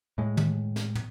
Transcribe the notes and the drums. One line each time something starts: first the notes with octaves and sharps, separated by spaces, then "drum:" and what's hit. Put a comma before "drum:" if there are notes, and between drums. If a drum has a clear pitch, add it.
A2 G#3
drum: tom
drum: snare
drum: tom